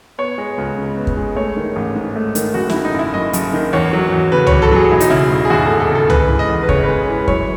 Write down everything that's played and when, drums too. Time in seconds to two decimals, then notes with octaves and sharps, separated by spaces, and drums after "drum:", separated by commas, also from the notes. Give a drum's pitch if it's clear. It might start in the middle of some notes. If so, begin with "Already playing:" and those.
0.18 B3 C#5
0.38 G#3
0.58 C#2
0.77 C#3
0.97 B3
1.07 drum: kick
1.17 G#3
1.36 A3 C#5
1.56 D#3
1.76 A1
1.95 G#2
2.16 A3
2.35 D#3, drum: hi-hat
2.54 F#1 F#4
2.70 D#3 E4, drum: snare
2.85 D#4
2.94 F#1
2.99 E4
3.14 F#2 D#5
3.33 F#1, drum: hi-hat
3.53 D#3
3.73 E2 C#5
3.93 F#3
4.12 E2
4.32 C#3 B4
4.47 E2 C#5, drum: tom
4.62 A4
4.71 F#3 G#4
4.91 E1 E4
5.00 D#4, drum: hi-hat
5.10 C#3 E4
5.31 E1
5.45 G#4
5.50 D#2 F#4
5.66 E1 A4
5.80 A4
5.90 C#3
5.95 A4
6.10 G#3 B4, drum: tom
6.29 E3
6.39 D#5
6.49 E2
6.63 B4
6.69 C#3 C#5, drum: kick
6.84 G#3 B4
7.08 E3 B4
7.28 F#2 C#5, drum: kick